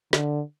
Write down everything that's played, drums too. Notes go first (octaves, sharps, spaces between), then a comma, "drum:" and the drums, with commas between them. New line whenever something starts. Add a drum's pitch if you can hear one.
D3, drum: snare